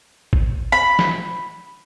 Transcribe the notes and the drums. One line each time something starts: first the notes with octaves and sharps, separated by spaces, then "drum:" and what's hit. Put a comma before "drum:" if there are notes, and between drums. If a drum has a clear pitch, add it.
drum: kick A1
B5
drum: snare